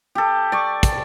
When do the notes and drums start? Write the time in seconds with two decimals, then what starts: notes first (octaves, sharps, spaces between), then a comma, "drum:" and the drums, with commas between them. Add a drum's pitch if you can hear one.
0.15 G4 A4
0.52 D5 C#6
0.83 drum: kick, hi-hat